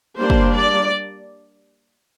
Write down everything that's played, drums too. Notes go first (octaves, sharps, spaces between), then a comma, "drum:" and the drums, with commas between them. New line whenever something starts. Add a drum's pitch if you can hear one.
G3 A#3 D4 C5
drum: kick
D5